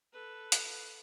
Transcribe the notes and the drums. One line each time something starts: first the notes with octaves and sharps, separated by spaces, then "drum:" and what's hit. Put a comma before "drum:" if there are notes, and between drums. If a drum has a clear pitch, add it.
A4 B4
drum: hi-hat